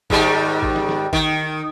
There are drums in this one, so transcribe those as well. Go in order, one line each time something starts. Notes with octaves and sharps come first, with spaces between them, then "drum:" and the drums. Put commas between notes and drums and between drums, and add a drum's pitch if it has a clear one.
G#2 D#3 G3, drum: kick
drum: kick
drum: snare
drum: snare
D#3, drum: kick